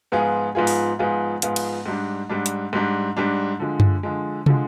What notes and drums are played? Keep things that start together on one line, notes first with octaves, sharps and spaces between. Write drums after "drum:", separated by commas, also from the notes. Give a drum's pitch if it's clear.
G#2 F3 B3 F4 G#4
G#2 F3 B3 F4 G#4
drum: open hi-hat
G#2 F3 B3 F4 G#4
G#2 F3 B3 F4 G#4, drum: hi-hat
drum: cymbal
G#2 G3 D4
G#2 G3 D4
drum: hi-hat
G#2 G3 D4
G#2 G3 D4
D3 F3 G#3
drum: tom F#2
D3 F3 G#3
D3 F3 G#3, drum: tom